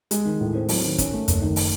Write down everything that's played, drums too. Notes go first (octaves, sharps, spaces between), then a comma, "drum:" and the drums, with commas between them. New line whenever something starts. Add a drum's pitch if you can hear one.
G#3, drum: hi-hat
D#3
A2
C4
F#3, drum: open hi-hat
D#3
C#4, drum: kick, hi-hat
A3
F#1, drum: hi-hat
D#3
drum: open hi-hat